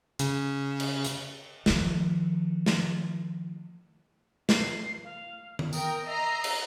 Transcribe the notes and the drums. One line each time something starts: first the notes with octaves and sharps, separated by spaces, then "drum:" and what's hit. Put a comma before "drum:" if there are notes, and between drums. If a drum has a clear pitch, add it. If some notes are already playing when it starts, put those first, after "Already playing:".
C#3, drum: hi-hat
drum: cymbal
drum: hi-hat
D#3 F3, drum: snare
drum: snare
C7, drum: snare
F5
drum: tom D#3
A#4 G5 D#6, drum: tambourine
D#5 E5 A#5 C7
drum: cymbal